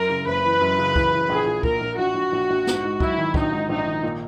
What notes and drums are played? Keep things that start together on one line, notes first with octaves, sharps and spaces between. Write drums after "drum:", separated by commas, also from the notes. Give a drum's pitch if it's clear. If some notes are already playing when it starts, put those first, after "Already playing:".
Already playing: F#2 A#4
C#3
F#1 B4
E3
F#2
C#3
E3, drum: kick
E3
A#1 G#4
A#2
A#2 A#4, drum: kick
A#1
A#1 F#4
A#1
A#1
A#1
G#2, drum: snare
G#2
F#3 E4, drum: kick
D#3
A#1 D#4, drum: kick
G#2
A#1 D#4
D#3
A#2